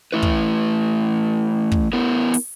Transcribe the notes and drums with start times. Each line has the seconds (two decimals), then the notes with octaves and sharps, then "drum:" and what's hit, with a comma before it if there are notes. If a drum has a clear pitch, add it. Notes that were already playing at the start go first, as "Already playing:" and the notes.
0.12 E3 A3 E4 B4
0.22 drum: kick
1.72 drum: kick
1.93 B3 E4 A#4
2.34 drum: open hi-hat